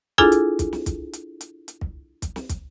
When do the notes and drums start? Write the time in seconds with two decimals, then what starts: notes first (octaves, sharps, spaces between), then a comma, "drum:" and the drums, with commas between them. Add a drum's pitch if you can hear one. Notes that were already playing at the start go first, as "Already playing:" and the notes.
0.18 D4 E4 F4 G#4 A4 G#5, drum: kick
0.32 drum: hi-hat
0.59 drum: kick, hi-hat
0.73 drum: snare
0.86 drum: kick, hi-hat
1.13 drum: hi-hat
1.41 drum: hi-hat
1.68 drum: hi-hat
1.81 drum: kick
2.22 drum: kick, hi-hat
2.36 drum: snare
2.49 drum: kick, hi-hat